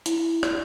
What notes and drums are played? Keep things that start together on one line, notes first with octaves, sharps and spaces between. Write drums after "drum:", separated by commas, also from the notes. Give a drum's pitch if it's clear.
E4, drum: hi-hat
drum: rim click